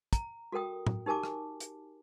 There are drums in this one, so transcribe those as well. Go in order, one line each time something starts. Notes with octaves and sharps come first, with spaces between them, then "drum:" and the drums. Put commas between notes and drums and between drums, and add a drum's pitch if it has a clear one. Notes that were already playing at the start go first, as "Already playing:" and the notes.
A#5, drum: kick, hi-hat
F#4 A4 A#4 G5 D#6
drum: tom A2
D#4 G4 A#4 G#5 A5 D6
drum: rim click
drum: hi-hat